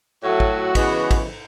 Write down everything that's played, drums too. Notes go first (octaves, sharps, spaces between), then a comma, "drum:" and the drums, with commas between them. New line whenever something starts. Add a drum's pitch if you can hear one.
A2 F#3 A3 F#4
drum: kick
C#3 E3 G#3 B3, drum: kick, cymbal
drum: kick, cymbal